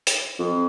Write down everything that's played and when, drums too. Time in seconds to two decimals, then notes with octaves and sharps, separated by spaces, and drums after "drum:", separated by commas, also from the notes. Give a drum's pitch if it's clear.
0.07 drum: hi-hat
0.39 F2